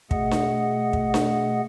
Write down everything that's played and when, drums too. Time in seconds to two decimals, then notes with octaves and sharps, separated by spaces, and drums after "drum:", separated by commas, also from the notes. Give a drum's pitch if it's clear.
0.11 B2 A3 G#4 D#5 F#5, drum: kick
0.31 drum: snare D4
0.93 drum: kick
1.14 drum: snare D4